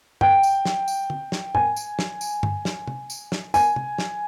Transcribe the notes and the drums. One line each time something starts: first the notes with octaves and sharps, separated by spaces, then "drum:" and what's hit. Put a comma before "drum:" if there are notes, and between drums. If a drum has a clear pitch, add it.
G5, drum: tom G2
drum: tambourine
drum: snare
drum: tambourine
drum: tom
drum: snare
G#5, drum: tom
drum: tambourine
drum: snare
drum: tambourine
drum: tom G2
drum: snare
drum: tom
drum: tambourine
drum: snare
G#5, drum: tambourine
drum: tom
drum: snare